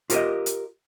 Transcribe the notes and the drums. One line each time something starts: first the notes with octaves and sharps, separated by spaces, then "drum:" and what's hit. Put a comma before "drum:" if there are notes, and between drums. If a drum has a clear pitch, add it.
F4 G4 A#4 D5 D#5, drum: hi-hat
drum: hi-hat